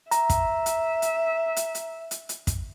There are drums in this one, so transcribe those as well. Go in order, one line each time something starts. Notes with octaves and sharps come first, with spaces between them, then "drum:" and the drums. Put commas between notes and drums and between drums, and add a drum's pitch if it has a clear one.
E5 A#5, drum: hi-hat
drum: kick, hi-hat
drum: hi-hat
drum: hi-hat
drum: hi-hat
drum: hi-hat
drum: hi-hat
drum: hi-hat
drum: kick, hi-hat